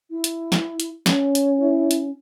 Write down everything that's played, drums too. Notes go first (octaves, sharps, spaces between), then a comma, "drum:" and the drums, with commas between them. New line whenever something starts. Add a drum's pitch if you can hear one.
E4
drum: hi-hat
drum: snare
drum: hi-hat
C#4, drum: snare
drum: hi-hat
E4
drum: hi-hat